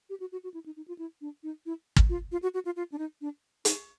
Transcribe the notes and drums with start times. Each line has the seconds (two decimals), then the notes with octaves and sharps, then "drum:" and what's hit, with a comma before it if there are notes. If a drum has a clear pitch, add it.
0.10 G4
0.20 F#4
0.32 F#4
0.44 F#4
0.54 E4
0.66 D#4
0.77 D#4
0.88 F4
0.99 E4
1.21 D4
1.43 D#4
1.66 E4
1.96 drum: kick
2.09 F4
2.32 F4
2.43 F#4
2.54 F#4
2.65 F4
2.76 F4
2.92 D4
2.98 D#4
3.21 D4
3.65 D#4, drum: hi-hat